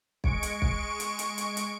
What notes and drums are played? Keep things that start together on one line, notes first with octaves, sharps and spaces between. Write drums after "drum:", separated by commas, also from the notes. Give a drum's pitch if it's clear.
G#3 C#6 D7, drum: kick B1
drum: hi-hat
drum: kick B1
drum: hi-hat
drum: hi-hat
drum: hi-hat
drum: hi-hat